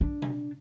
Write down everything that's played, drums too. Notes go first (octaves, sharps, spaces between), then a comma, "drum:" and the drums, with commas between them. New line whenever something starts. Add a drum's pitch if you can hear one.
D4
drum: tom B2